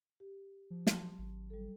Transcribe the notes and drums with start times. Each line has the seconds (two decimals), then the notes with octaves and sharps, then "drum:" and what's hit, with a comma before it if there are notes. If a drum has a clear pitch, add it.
0.20 G4
0.70 F3
0.87 F#3 A5 C6, drum: snare
1.18 G#1
1.50 G3 A4